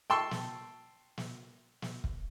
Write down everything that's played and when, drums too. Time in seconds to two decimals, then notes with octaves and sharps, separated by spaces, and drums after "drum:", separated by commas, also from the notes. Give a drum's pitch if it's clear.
0.10 G5 A5 C6 C#6 E6
0.31 drum: snare
1.18 drum: snare
1.82 drum: snare
2.04 drum: kick